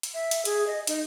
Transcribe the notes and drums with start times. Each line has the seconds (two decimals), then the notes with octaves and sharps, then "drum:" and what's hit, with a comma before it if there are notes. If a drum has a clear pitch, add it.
0.03 drum: hi-hat
0.14 E5
0.31 drum: hi-hat
0.45 G#4, drum: hi-hat
0.67 D#5
0.87 D#4, drum: hi-hat